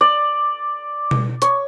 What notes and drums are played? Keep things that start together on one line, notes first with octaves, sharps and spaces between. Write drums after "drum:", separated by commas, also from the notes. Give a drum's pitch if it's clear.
D5
drum: tom B2
C#5, drum: hi-hat